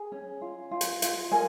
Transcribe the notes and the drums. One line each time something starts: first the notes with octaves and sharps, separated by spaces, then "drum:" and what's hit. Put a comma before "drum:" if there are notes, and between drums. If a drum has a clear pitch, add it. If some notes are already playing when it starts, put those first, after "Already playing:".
Already playing: G#4
C#4
F4
F4
drum: hi-hat
F4, drum: hi-hat
A#4 G#5